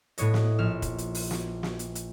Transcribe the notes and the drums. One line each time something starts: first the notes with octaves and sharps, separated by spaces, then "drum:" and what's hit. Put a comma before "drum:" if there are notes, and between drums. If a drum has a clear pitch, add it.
A2 B3 C#5 D#5, drum: hi-hat
drum: snare
A#1 F6 E7
drum: kick, hi-hat
drum: hi-hat
drum: open hi-hat
drum: snare
drum: snare
drum: hi-hat
drum: hi-hat